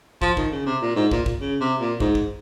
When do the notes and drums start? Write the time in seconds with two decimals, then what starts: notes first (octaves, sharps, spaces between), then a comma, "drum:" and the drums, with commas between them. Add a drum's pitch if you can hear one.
0.22 F3, drum: kick
0.37 D#3, drum: kick
0.52 C#3
0.66 C3
0.82 A#2
0.96 G#2
1.11 A#2, drum: kick
1.26 drum: kick
1.41 C#3
1.61 C3
1.80 A#2
2.00 G#2, drum: kick
2.15 drum: kick